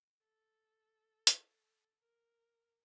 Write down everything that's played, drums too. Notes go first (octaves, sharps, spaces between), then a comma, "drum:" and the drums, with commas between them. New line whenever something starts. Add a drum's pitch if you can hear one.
A4
drum: hi-hat
A#4